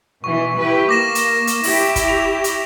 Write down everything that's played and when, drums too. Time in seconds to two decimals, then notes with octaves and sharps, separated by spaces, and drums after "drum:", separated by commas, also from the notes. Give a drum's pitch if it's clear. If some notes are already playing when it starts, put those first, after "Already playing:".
0.24 B2 E3 C#6
0.58 E4 G4 B4
0.89 A#3 D6 A#6 E7
1.15 drum: hi-hat
1.47 drum: hi-hat
1.63 E4 G4, drum: open hi-hat
1.96 drum: kick, hi-hat
2.08 F7
2.44 drum: hi-hat